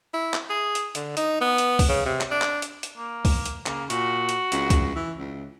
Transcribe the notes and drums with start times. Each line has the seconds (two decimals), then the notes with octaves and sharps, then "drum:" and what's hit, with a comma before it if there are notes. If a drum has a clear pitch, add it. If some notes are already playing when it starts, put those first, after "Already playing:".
0.14 E4
0.34 drum: clap
0.50 G#4
0.75 drum: hi-hat
0.95 D3, drum: hi-hat
1.17 D#4, drum: hi-hat
1.41 B3
1.58 drum: hi-hat
1.79 drum: kick C2, open hi-hat
1.89 C#3
2.05 C3
2.21 drum: clap
2.31 D4
2.42 drum: clap
2.62 drum: hi-hat
2.83 drum: hi-hat
2.97 A#3
3.25 drum: kick C2, open hi-hat
3.46 drum: hi-hat
3.66 C#3 A#3, drum: clap
3.90 A#2 F#4, drum: hi-hat
4.29 drum: hi-hat
4.52 C#2, drum: hi-hat
4.70 drum: kick C2, hi-hat
4.95 E3
5.18 C#2